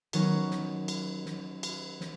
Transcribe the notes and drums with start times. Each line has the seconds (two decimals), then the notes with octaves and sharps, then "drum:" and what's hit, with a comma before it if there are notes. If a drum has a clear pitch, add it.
0.13 D#3 F#3 B3 C#4 D#4, drum: cymbal
0.51 drum: snare
0.88 drum: cymbal
1.26 drum: snare
1.63 drum: cymbal
2.01 drum: snare